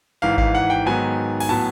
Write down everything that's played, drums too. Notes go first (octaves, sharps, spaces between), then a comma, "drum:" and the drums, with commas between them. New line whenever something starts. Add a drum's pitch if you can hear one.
G#1 G#2 E3 F5
F5, drum: kick G#1
F#5
G5
G#2 D#3 F#3 B3 G#5
G#5, drum: cymbal
A2 F#3 B3 A5